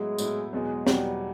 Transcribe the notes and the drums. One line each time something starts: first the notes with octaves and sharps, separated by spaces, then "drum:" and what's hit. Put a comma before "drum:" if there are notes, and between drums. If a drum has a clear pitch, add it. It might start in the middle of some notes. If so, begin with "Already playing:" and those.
Already playing: A2 F#3 G#3 B3 E4
A2 F#3 B3 E4, drum: tambourine
E2 B2 F#3 G#3
E2 B2 F#3 G3, drum: snare